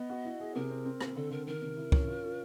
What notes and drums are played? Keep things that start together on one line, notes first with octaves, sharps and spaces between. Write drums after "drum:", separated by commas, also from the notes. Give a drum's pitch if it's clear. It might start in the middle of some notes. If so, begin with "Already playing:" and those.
Already playing: B3 D#5
F#4
E4
G#4
C3 A#4
C4
C4
C4, drum: rim click
D3 A4
D3 A#4
D#3 A#4
C3
E4
C#4, drum: kick
F4
F4